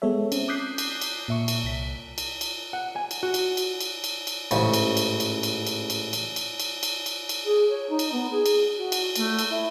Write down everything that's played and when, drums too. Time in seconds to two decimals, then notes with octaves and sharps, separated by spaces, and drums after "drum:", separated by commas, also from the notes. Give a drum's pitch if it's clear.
0.02 G#3 B3 A4 C#5 E5
0.32 C4 C#4, drum: cymbal
0.48 D6 D#6 F#6 G6 B6 C7
0.78 drum: cymbal
1.01 drum: cymbal
1.28 A#2 E5 C#6
1.48 drum: cymbal
1.63 C2 B6
2.18 drum: cymbal
2.41 drum: cymbal
2.73 F#5
2.96 G#5
3.11 drum: cymbal
3.23 F#4
3.34 drum: cymbal
3.57 drum: cymbal
3.81 drum: cymbal
4.04 drum: cymbal
4.27 drum: cymbal
4.51 A1 G#2 C#3, drum: cymbal
4.74 drum: cymbal
4.97 drum: cymbal
5.20 drum: cymbal
5.43 drum: cymbal
5.67 drum: cymbal
5.90 drum: cymbal
6.13 drum: cymbal
6.36 drum: cymbal
6.60 drum: cymbal
6.83 drum: cymbal
7.06 drum: cymbal
7.29 drum: cymbal
7.44 G#4
7.68 C#5
7.89 D#4
7.99 drum: cymbal
8.11 B3
8.30 G#4
8.46 drum: cymbal
8.76 F#4
8.92 drum: cymbal
9.16 A3, drum: cymbal
9.39 drum: cymbal
9.49 E4